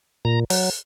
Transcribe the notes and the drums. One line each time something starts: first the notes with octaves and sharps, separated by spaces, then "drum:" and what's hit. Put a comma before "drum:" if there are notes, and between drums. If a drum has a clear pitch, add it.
A#2 A#5
F#3, drum: open hi-hat